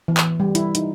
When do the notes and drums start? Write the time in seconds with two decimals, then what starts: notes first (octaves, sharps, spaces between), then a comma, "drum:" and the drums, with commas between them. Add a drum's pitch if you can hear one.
0.08 E3
0.17 drum: clap
0.40 G3
0.55 E4, drum: hi-hat
0.75 D#4, drum: hi-hat